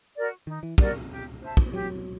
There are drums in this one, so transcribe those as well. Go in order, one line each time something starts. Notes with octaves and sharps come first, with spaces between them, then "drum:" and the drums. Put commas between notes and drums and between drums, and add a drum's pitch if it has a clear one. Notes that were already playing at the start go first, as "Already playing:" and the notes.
F#4 A#4 D5
D#3 D#4
E3
G3 F#4 A#4 D5, drum: kick
G4
C5 E5 A5
drum: kick
F#3 G4